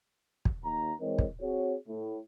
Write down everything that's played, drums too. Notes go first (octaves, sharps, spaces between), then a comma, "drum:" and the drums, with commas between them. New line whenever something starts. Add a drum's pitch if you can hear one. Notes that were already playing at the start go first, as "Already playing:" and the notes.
drum: kick
D#2 A#5
E3 G#3 C4 A#4 C#5 D#5
drum: kick
C4 F#4 G#4 C#5
A2